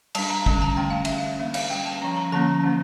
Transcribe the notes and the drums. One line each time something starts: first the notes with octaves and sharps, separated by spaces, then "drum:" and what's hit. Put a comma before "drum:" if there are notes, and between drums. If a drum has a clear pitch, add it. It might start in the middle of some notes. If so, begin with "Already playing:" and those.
G3 D4 A5, drum: cymbal
A#5
D3 G3 C#4, drum: kick
A5
E3 A3 C#4 G5
F5
G3 C#4 E5, drum: cymbal
F5
E3 A#3 D4 E5
F5, drum: cymbal
G3 C#4 G5
A5
F3 C#4 A#5
A#5
D3 F3 A#3 C#4 A5
E3 A#3 C#4